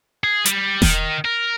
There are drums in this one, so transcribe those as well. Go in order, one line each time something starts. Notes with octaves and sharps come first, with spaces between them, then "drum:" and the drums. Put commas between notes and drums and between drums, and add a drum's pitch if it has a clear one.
G#4
G3, drum: hi-hat
D#3, drum: snare E1
A#4